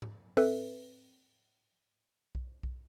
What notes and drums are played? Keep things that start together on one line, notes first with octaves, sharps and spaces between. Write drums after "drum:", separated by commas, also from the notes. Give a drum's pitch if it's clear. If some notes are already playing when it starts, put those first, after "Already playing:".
drum: tom G#2
C4 A4 B4 E5, drum: open hi-hat
drum: kick B1
drum: kick B1